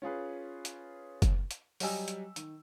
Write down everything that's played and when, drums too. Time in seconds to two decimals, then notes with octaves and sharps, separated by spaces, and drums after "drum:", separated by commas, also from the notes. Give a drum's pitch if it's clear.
0.02 C#4 F4 G#4 B4
0.65 drum: hi-hat
1.22 drum: kick F#1, hi-hat
1.51 drum: hi-hat
1.80 F#3 G3 D#5 G5 G#5 E6, drum: open hi-hat
2.08 drum: hi-hat
2.36 D#3, drum: hi-hat